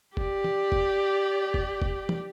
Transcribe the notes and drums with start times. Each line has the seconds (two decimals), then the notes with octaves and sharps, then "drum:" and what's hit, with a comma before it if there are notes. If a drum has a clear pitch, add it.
0.17 G4 D5, drum: kick F1
0.44 drum: tom
0.72 drum: kick F1
1.54 drum: kick F1
1.82 drum: kick F1
2.09 drum: tom